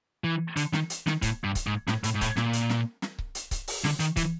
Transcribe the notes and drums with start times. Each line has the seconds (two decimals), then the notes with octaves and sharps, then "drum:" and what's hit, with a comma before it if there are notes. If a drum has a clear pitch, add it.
0.24 E3
0.57 D3, drum: hi-hat
0.73 D#3, drum: snare
0.90 drum: hi-hat
1.07 D#3, drum: snare
1.22 A2, drum: kick C#1, hi-hat
1.44 G2
1.55 drum: kick C#1, hi-hat
1.67 G#2
1.88 A2, drum: snare
2.04 A2, drum: hi-hat
2.15 G#2
2.21 A2, drum: kick C#1, hi-hat
2.37 A#2, drum: snare
2.53 drum: hi-hat
2.70 drum: snare
3.02 drum: snare
3.19 drum: kick C#1
3.35 drum: hi-hat
3.51 drum: kick C#1, hi-hat
3.68 drum: open hi-hat
3.84 D3, drum: snare
4.00 D#3, drum: hi-hat
4.17 E3, drum: kick C#1, hi-hat